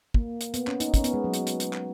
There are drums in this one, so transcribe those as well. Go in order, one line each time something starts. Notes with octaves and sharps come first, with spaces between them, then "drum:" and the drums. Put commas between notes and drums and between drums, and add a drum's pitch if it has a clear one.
A#3, drum: kick
drum: hi-hat
B3, drum: hi-hat
C#4, drum: clap
D#4, drum: hi-hat
C#4, drum: kick, hi-hat
B3, drum: hi-hat
G#3
F#3
drum: hi-hat
drum: hi-hat
drum: hi-hat
drum: clap